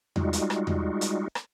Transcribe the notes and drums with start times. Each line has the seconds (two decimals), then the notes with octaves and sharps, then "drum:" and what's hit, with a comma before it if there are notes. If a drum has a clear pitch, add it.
0.16 G3 G#3 D#4 F4 F#4, drum: tom E2
0.33 drum: hi-hat
0.50 drum: rim click
0.67 drum: tom E2
1.01 drum: hi-hat
1.35 drum: rim click